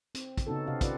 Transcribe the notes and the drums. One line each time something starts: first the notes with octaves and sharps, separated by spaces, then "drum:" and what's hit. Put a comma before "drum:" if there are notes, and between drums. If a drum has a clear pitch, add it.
C4, drum: hi-hat
drum: kick, hi-hat
C#3 B3 C#4 D#4 F#4 A4
C3 C4 G4 D#5 F5
F4 G4 B4 D5 F#5, drum: kick, hi-hat